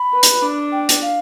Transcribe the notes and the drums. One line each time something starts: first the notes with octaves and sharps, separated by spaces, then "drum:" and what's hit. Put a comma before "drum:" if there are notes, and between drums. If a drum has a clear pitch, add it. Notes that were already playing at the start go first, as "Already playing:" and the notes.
Already playing: B5
B4
drum: hi-hat
D4
G5
drum: hi-hat
F5